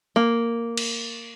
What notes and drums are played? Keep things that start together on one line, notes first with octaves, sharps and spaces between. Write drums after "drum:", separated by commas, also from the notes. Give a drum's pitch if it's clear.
A#3
drum: cymbal